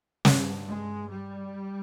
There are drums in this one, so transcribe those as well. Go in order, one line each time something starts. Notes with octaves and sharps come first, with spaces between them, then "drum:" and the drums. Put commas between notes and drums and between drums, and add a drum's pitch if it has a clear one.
G2, drum: snare
G#3
G3